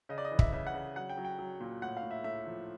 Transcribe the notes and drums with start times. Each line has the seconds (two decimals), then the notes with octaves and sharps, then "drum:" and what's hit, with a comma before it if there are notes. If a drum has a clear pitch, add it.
0.09 C#3 D#5
0.18 D5
0.25 D#5
0.32 E3
0.39 E5, drum: kick
0.53 C#3 E5
0.67 F#5
0.74 C#3
0.96 F#3 F#5
1.09 G5
1.17 F#3
1.25 G5
1.39 F#3
1.60 A#2
1.82 A2 F#5
1.97 F5
2.03 A2
2.11 E5
2.24 A2 E5
2.47 F3